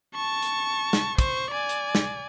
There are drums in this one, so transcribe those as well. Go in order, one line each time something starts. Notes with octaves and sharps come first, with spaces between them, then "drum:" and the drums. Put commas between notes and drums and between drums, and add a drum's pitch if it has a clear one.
A5 C#6
drum: hi-hat
drum: snare
C5 C#6, drum: kick, hi-hat
D5 G#5
drum: hi-hat
drum: snare